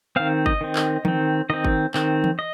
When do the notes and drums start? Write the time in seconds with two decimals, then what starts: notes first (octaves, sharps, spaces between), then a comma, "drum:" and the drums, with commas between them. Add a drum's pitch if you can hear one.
0.16 D#3 C4 F5
0.46 D#5, drum: kick G1
0.61 D#3 C4
0.75 drum: clap
1.05 D#3 C4, drum: tom E3
1.50 D#3 C4 D#5
1.65 drum: kick G1
1.94 D#3 C4, drum: clap
2.24 drum: tom E3
2.39 D#5